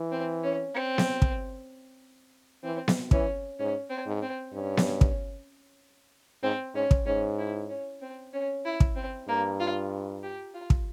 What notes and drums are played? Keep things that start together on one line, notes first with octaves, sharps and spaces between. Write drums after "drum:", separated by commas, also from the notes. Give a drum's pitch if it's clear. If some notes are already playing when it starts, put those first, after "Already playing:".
Already playing: E3
C4
C#4
C4
drum: snare B3
drum: kick
E3 C4
drum: snare B3
E3 C#4, drum: kick
G#2 C#4
C4
G#2
C4
G2 C#4
drum: snare B3
drum: kick
G#2 C4
G#2 C#4
drum: kick
G#2 C#4
E4
C#4
C4
C#4
E4
drum: kick
C4
G2 A#3
F4
G4
F4
drum: kick